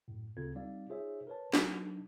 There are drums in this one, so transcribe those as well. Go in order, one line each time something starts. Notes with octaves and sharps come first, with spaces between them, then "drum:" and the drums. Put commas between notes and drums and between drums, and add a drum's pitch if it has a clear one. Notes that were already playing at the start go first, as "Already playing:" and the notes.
F#2 A2
D2 C#3 C4 F4 A4 G#6
G3 C4 D#4 D5 F5
D#4 F4 G#4 C5 C#5 E5
A#4 B4 C#5 A5
F#3 D4 D#4, drum: snare